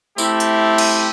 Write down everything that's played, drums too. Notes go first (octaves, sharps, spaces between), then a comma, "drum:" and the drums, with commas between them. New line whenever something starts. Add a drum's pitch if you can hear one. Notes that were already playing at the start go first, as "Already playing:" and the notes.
A3 C4 E4 G4, drum: tambourine
drum: hi-hat
drum: cymbal